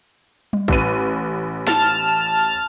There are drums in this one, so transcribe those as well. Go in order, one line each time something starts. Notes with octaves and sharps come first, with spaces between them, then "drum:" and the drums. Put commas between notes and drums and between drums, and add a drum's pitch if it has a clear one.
drum: tom G3
A1 B4 D#7, drum: kick
A5 F6, drum: snare